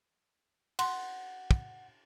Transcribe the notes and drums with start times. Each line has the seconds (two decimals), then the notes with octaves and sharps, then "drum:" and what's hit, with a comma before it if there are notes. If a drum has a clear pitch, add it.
0.79 F#5 C6, drum: cymbal
1.51 drum: kick